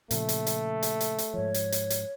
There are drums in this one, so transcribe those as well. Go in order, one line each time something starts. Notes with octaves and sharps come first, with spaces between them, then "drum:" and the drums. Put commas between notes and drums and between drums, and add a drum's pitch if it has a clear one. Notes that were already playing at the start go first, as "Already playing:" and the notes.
A#2 C#3 F3 A3, drum: hi-hat
drum: hi-hat
drum: hi-hat
drum: hi-hat
drum: hi-hat
drum: hi-hat
G#2 F3 C#5
drum: hi-hat
drum: hi-hat
drum: hi-hat